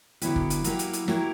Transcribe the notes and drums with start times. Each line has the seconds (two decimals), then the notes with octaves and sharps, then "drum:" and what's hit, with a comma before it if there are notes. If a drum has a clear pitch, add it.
0.21 D3 F#3 B3 E4 G4, drum: hi-hat
0.36 drum: kick
0.50 drum: hi-hat
0.64 F#3 A#3 E4 G4, drum: hi-hat
0.79 drum: hi-hat
0.93 drum: hi-hat
1.08 F#3 A#3 E4 G4, drum: snare